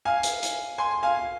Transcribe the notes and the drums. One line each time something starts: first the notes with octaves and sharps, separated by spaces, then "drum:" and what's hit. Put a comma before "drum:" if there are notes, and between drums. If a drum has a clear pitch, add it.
F5 G#5
drum: hi-hat
drum: hi-hat
G#5 C6
F5 G#5